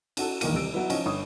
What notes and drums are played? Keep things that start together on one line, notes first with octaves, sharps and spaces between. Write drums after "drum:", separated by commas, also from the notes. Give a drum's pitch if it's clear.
C#4 F#4 A4, drum: cymbal
E1 A#1 D#3 E3 A#3 D#7, drum: cymbal
D#1 C3 E6 D7
F#3 B3 E4
F3 C#4 D#5, drum: cymbal
G1 C#5 D#6